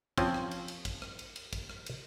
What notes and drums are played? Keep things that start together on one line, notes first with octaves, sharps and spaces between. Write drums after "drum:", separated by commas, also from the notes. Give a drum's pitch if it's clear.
F3 C4 C#4 G#5 A5, drum: kick, cymbal
drum: rim click
drum: cymbal
drum: cymbal
drum: kick, cymbal
drum: rim click
drum: cymbal
drum: cymbal
drum: kick, cymbal
drum: rim click
drum: cymbal